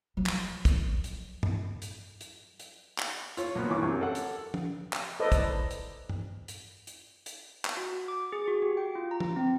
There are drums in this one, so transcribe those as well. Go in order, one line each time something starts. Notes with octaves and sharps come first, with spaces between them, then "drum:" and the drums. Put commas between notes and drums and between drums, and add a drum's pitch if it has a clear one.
F3 F#3
drum: clap
drum: kick, hi-hat
drum: hi-hat
drum: tom G2
drum: hi-hat
drum: hi-hat
drum: hi-hat
drum: clap
F4 C#5, drum: hi-hat
B1 A#3 B3
G2 E3 C#6 D6
F#2 C4 G4
A4 F#5
drum: hi-hat
drum: tom
drum: clap
A4 B4 C5 D5 D#5
drum: kick, hi-hat
drum: hi-hat
drum: tom G2
drum: hi-hat
drum: hi-hat
drum: hi-hat
drum: clap
F#4
D6
G#4
F#4
G4
G5
F4
A#5
drum: tom
C4